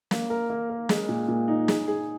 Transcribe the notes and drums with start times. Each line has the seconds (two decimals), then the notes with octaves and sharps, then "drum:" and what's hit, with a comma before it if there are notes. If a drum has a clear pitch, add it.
0.11 A#3, drum: snare
0.30 A#4
0.50 A#3
0.70 A#4
0.89 G#3, drum: snare
1.09 A#2
1.28 A#2
1.48 D#4
1.68 G#4, drum: snare
1.88 G#4